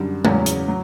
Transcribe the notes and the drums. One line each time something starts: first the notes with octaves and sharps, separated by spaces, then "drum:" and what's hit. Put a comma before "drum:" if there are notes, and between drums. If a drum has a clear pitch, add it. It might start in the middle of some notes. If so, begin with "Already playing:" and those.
Already playing: F#2 D3 G3
E2 C#3 F#3 C#4, drum: tom G#3
drum: hi-hat
F#3